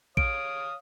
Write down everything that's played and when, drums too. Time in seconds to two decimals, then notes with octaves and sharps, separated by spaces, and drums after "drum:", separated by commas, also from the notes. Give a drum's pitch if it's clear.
0.17 C#5 F5 D#6 D7, drum: kick A#1